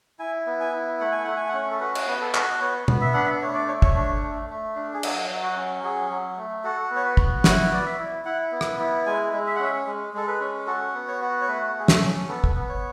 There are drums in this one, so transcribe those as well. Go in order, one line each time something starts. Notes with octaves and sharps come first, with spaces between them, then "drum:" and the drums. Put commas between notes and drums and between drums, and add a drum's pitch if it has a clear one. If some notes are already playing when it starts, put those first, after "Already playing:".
E4 G#5
B3
G#5
E4
A3 F#5
G#5
A3 F#5
G#5
F#5
C#4
A4
F#4 B4
drum: cymbal
B3
A4
F#4, drum: clap
B3 C#5
B3, drum: tom B2
E5
D4 F#5
E5
A3 C#5
D5
A3 C#5
C#5, drum: kick
D4
A3
A3
D4
G#4
F#3 A4, drum: cymbal
F#3
F#4
C#4
F#3 G#4
F#3
A3
F#4 A4
B3
C#5
B4
F#4, drum: kick
E4 C#5, drum: snare
B3 D5
E5
E4
E4 F#5
B3
drum: rim click
E4
G#3 G#5
G#3
E5
F#5
C#4 E5
G#3
G#3 A4
B4
C#4
F#4 A4
B3
C#5
F#4
C#5
A3 B4
A3 G#4
A4, drum: snare
C#4
B3 A4
drum: kick
B3
C#5